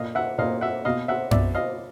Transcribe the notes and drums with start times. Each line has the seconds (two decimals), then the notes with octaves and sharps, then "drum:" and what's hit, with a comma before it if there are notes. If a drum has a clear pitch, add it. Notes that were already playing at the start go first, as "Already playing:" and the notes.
Already playing: A#2 D#5 F5
0.15 E5 F#5
0.38 A#2 D#5 F5
0.61 E5 F#5
0.85 B2 D#5 F5
1.08 E5 F#5
1.31 B2 D5 E5, drum: tom F#2
1.55 D#5 F5